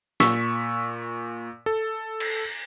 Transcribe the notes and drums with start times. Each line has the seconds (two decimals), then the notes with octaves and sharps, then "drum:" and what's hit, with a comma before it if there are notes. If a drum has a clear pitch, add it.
0.20 A#2 C#6 E6 B6, drum: snare
1.66 A4
2.20 drum: cymbal